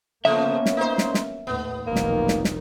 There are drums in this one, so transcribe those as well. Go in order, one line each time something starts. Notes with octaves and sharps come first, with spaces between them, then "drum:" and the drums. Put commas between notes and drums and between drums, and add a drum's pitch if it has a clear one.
C#3 F3 A#3 B3 C#4 E5
drum: snare
D#4 C5
drum: snare
drum: snare
D#2 A2 B3
F1 B1 D#3 A#3
drum: snare
drum: snare
drum: snare